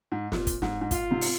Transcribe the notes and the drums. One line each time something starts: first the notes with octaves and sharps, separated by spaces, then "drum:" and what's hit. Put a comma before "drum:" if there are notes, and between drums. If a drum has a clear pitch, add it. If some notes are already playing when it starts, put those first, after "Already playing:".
G#2
A#2, drum: snare
drum: kick, hi-hat
G#2, drum: snare
G#2
A#2 F4, drum: kick, hi-hat
G#2 C3
drum: open hi-hat